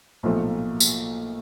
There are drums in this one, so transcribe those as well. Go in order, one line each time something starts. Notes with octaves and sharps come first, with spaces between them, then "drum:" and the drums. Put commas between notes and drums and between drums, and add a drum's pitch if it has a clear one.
B1 A#2 F3 A3
drum: tambourine